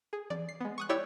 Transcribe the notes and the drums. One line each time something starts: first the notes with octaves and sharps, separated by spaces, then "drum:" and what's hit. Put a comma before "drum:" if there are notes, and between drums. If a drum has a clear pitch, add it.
G#4
D5, drum: tom E3
C7
G#3 B3
C#6 D#6 F#6
E4 G4 C#5 D5 G5 E6